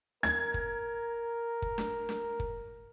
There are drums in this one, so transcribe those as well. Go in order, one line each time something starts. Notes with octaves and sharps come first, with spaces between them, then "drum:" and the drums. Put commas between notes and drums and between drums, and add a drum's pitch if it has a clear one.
A#4 G#6, drum: snare D4
drum: kick
drum: kick
drum: snare D4
drum: snare D4
drum: kick